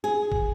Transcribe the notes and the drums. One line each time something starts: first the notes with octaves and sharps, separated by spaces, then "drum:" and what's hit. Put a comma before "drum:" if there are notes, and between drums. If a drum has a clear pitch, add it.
G#4
drum: kick